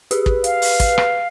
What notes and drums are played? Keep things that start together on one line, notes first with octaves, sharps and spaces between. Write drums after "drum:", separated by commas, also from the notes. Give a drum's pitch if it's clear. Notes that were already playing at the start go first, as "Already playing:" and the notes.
G4 G#4 B4, drum: hi-hat
drum: kick
F5, drum: hi-hat
drum: open hi-hat
drum: kick, hi-hat
drum: rim click